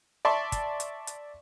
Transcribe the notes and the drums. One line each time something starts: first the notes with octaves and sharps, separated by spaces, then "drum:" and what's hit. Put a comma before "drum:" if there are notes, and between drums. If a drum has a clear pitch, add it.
D5 E5 A5 C6 C#6
drum: kick, hi-hat
drum: hi-hat
drum: hi-hat